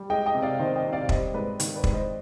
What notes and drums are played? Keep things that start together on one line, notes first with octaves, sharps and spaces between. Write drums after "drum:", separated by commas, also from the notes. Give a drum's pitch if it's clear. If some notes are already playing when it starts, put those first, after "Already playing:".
Already playing: G3
G#3 D#5 G5
D#5 G5
C3
D5 F5
D#3 C5 D#5
D#5 G5
C3
D5 F5
G3 C5 D#5, drum: kick
G#2 B4 D5
D#3, drum: hi-hat
B4 D5
G#2, drum: kick
C5 D#5